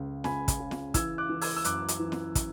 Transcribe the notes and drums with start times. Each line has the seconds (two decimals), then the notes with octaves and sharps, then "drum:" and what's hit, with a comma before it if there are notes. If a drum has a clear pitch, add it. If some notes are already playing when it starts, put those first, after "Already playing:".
Already playing: C#2 C#3
0.24 C#2 G#5 B5, drum: snare
0.48 drum: kick, hi-hat
0.60 C#3
0.71 drum: snare
0.94 E3 E6 G#6, drum: kick, hi-hat
1.18 D6 F#6
1.29 E3
1.41 E6 G#6, drum: open hi-hat
1.57 E6
1.64 F#2 D6 F#6, drum: hi-hat
1.88 drum: hi-hat
2.00 E3
2.12 drum: snare
2.35 drum: kick, hi-hat